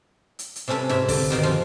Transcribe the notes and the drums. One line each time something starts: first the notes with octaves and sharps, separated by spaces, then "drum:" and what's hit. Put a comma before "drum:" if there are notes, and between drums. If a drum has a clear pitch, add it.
drum: hi-hat
drum: hi-hat
C3 G3 C#4 A4 B4
G#2 C3 E5, drum: snare
D3, drum: kick, open hi-hat
G2 B2 D#3 G3
E3 F3 F4